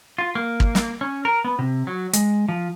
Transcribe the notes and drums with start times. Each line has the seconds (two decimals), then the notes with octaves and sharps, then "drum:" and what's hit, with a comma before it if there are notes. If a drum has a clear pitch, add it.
0.18 F4
0.35 A#3
0.60 drum: kick
0.75 drum: snare
1.01 C#4
1.25 A#4
1.44 B3
1.59 C3
1.87 F#3
2.13 G#3, drum: hi-hat
2.49 F3